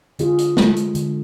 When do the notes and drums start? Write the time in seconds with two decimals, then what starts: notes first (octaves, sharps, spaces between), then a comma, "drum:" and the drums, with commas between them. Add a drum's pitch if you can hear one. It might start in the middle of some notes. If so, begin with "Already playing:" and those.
0.19 D3 F4 G#4, drum: hi-hat
0.38 drum: hi-hat
0.57 G#3, drum: snare
0.76 drum: hi-hat
0.95 D3, drum: hi-hat